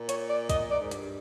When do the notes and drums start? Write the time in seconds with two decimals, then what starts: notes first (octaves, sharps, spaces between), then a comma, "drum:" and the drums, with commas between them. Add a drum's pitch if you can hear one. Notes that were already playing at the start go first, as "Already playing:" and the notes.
Already playing: A#2
0.09 C#5, drum: hi-hat
0.29 D5
0.49 D#5, drum: kick, hi-hat
0.71 D5
0.81 G#2
0.91 G2, drum: hi-hat